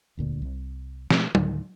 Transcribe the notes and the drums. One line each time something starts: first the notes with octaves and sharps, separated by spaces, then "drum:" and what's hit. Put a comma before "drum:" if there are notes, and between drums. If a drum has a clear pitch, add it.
E1 D2 A#2 D3
C2
B2 F3 G#3 A3, drum: snare
D2 A2 D3 D#3, drum: tom